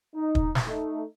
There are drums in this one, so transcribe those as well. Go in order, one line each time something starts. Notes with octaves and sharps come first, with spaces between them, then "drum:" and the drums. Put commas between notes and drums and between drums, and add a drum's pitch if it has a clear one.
D#4
drum: kick
drum: snare
A3 D#4